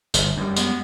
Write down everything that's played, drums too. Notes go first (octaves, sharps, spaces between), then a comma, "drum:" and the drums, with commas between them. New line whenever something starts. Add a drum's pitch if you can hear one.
G1, drum: tambourine
F#2 G3
G#3 B3, drum: tambourine